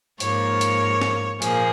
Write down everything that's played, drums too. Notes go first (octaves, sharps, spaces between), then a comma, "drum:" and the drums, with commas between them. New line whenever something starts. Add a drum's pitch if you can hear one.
G#2 F3 A#3 C#5, drum: hi-hat
drum: hi-hat
drum: snare
A#2 F3 A#3 G#4, drum: hi-hat